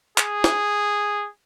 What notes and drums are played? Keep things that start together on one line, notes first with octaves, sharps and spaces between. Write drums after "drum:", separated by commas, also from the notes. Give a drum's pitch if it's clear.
G#4, drum: clap
drum: snare